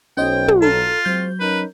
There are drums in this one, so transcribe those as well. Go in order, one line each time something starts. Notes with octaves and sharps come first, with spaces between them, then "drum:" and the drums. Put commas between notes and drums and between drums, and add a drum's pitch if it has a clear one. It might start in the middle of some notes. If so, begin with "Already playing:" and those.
B1 C#4 C5 D#5 G5
drum: tom
F4 A4 A#5
F#3 G#3 C4 G6
C#4 D#4 A#4 B4